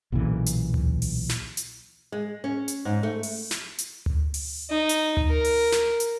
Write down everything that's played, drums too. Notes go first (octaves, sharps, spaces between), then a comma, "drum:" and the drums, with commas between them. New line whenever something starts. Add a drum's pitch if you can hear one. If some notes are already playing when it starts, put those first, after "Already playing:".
B1 A#2 C#3 E3
drum: hi-hat
drum: tom D2
drum: open hi-hat
drum: snare
drum: hi-hat
G#3
C#4
drum: hi-hat
G#2
A3
drum: open hi-hat
drum: snare
drum: hi-hat
drum: tom D2
drum: open hi-hat
D#4
drum: hi-hat
drum: tom D2
A#4
drum: open hi-hat
drum: snare
drum: hi-hat